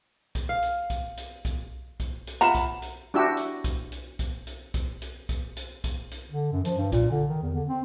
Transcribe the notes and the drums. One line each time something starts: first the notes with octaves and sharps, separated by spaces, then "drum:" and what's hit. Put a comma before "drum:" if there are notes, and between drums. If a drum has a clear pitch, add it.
drum: kick B1, hi-hat
F5
drum: hi-hat
drum: kick B1, hi-hat
drum: hi-hat
drum: kick B1, hi-hat
drum: kick B1, hi-hat
drum: hi-hat
F4 E5 F#5 A#5 B5 E7
drum: kick B1, hi-hat
drum: hi-hat
D4 E4 F#4 G4 E6
drum: hi-hat
drum: kick B1, hi-hat
drum: hi-hat
drum: kick B1, hi-hat
drum: hi-hat
drum: kick B1, hi-hat
drum: hi-hat
drum: kick B1, hi-hat
drum: hi-hat
drum: kick B1, hi-hat
drum: hi-hat
D3
F#2
F3, drum: hi-hat
G2
A#2, drum: kick B1, hi-hat
D3
D#3
E2
D3
C4